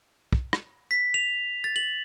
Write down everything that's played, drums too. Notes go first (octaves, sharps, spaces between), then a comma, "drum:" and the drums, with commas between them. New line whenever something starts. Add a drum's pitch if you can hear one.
drum: kick
drum: rim click
B6
F7
A6
F#7